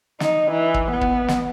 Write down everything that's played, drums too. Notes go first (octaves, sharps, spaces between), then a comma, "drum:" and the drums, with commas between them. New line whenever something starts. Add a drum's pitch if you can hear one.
D#4, drum: snare
E3
drum: kick
B3
drum: kick
drum: snare